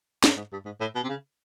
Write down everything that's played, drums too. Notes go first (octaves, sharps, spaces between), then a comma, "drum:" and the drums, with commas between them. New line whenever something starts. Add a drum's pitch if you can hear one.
G#2, drum: snare
G#2
G2
G#2
A2
B2
C3
C#3